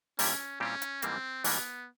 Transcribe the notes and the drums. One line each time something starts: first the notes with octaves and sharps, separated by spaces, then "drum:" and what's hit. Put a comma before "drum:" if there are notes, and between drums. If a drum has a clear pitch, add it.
A#2 G3 C4 C#4 E4 G4, drum: open hi-hat
A#2 G3 C4 C#4 E4 G4
drum: hi-hat
G#2 E3 G3 A#3 C4, drum: hi-hat
G#2 E3 G3 A#3 B3, drum: open hi-hat